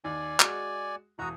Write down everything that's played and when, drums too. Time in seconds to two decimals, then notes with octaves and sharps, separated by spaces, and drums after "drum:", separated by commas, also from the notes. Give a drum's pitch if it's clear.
0.04 D#2 D5 G#5
0.40 G#3 F#4, drum: clap
1.19 E1 F#4 A#5 D#6